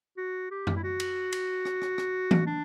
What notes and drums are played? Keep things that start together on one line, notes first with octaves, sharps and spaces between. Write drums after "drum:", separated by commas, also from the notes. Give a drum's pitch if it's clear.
F#4
G4
drum: tom F#2
E4
F#4
drum: cymbal
drum: cymbal
drum: rim click
drum: rim click
drum: rim click
drum: tom E3
D4